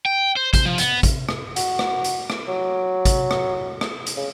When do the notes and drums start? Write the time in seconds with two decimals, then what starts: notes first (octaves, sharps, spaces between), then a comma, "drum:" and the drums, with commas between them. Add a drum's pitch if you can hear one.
0.06 G5
0.36 C5
0.54 C5, drum: kick A1, hi-hat
0.66 F3
0.78 B3, drum: hi-hat
1.03 drum: kick A1, hi-hat
1.29 drum: rim click
1.56 F#4, drum: hi-hat
1.79 drum: rim click
2.04 drum: hi-hat
2.30 drum: rim click
2.48 F#3
3.05 drum: kick A1, hi-hat
3.31 drum: rim click
3.81 drum: rim click
4.07 drum: hi-hat
4.17 C#3